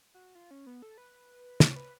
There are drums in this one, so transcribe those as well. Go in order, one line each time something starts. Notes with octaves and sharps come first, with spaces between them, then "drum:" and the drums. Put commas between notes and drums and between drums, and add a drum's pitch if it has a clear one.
F#4
F4
C#4
B3
A4
B4
C#5, drum: snare
B4